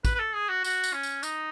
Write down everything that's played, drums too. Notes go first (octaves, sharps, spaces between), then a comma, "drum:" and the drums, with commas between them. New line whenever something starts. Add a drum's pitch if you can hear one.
B4, drum: kick, tambourine
B4
A4
G#4
F#4
F#4, drum: tambourine
drum: tambourine
C#4
drum: tambourine
D#4, drum: tambourine